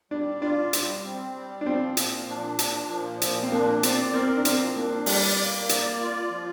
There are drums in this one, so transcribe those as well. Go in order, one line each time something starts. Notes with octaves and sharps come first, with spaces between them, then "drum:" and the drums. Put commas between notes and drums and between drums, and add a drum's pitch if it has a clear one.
G3 D4
D4 F4
G3, drum: hi-hat
C4
G3
D4
F3 C4
A#2, drum: hi-hat
D4
A#2, drum: hi-hat
F3
A#2, drum: hi-hat
C4
A#3 D4
C4 D5, drum: hi-hat
C4 A#4
D4
F3 C4, drum: hi-hat
A#3 D4
G3 D5, drum: open hi-hat
A#3
D5, drum: hi-hat
F4
F3